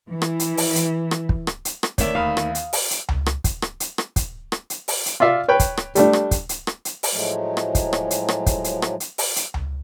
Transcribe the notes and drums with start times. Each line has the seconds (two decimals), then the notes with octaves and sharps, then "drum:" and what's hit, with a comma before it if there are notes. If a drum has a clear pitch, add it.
0.11 E3
0.22 drum: rim click
0.40 drum: hi-hat
0.57 drum: open hi-hat
0.75 drum: hi-hat
1.11 drum: rim click
1.29 drum: kick
1.47 drum: rim click
1.65 drum: hi-hat
1.83 drum: rim click
1.98 D2 D#3 C#5 D5 E5, drum: kick, hi-hat
2.15 D#2 F5 B5 D#6
2.37 drum: rim click
2.55 drum: hi-hat
2.73 drum: open hi-hat
2.91 drum: hi-hat
3.08 drum: tom C#2
3.26 drum: rim click
3.44 drum: kick, hi-hat
3.62 drum: rim click
3.80 drum: hi-hat
3.98 drum: rim click
4.16 drum: kick, hi-hat
4.52 drum: rim click
4.70 drum: hi-hat
4.88 drum: open hi-hat
5.06 drum: hi-hat
5.20 F4 D5 E5 F5
5.48 B4 C#5 G5 B5
5.60 drum: kick, hi-hat
5.77 drum: rim click
5.95 G3 A3 D4, drum: hi-hat
6.13 drum: rim click
6.31 drum: kick, hi-hat
6.49 drum: hi-hat
6.67 drum: rim click
6.85 drum: hi-hat
7.03 drum: open hi-hat
7.12 A2 F3 F#3 G#3 A3
7.57 drum: rim click
7.75 drum: kick, hi-hat
7.93 drum: rim click
8.11 drum: hi-hat
8.28 drum: rim click
8.46 drum: kick, hi-hat
8.64 drum: hi-hat
8.82 drum: rim click
9.00 drum: hi-hat
9.18 drum: open hi-hat
9.36 drum: hi-hat
9.54 drum: tom C#2